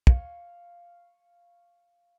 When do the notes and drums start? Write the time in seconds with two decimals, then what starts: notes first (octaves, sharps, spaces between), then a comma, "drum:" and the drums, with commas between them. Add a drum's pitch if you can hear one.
0.07 C#5 F5, drum: kick